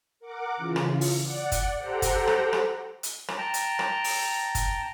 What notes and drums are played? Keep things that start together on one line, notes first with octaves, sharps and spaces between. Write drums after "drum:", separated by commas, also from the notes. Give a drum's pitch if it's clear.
A#4 F#5 D6
C#3 E3 F4
drum: rim click
drum: open hi-hat
D5 F#5
drum: kick F#1, hi-hat
G4 A4 C5 F#5 G5 A#5
drum: kick F#1, hi-hat
drum: rim click
drum: rim click
drum: hi-hat
drum: rim click
G5 A5 A#5
drum: hi-hat
drum: rim click
drum: open hi-hat
drum: kick F#1, hi-hat